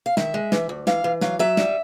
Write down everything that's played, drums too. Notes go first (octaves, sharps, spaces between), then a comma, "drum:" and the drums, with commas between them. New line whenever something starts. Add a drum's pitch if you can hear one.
F5
D#3 E5, drum: snare
G#3
E3, drum: snare
D2
E3 F5, drum: snare
E3
F#3 F5, drum: snare
F#3 E5
G3, drum: snare